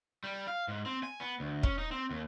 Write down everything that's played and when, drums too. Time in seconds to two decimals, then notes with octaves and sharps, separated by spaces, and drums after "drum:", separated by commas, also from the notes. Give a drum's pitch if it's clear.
0.24 G3
0.47 F5
0.68 G#2
0.86 C4
1.03 G#5
1.20 B3
1.40 D2
1.63 C#4, drum: kick
1.78 D#4
1.92 C4
2.11 D#2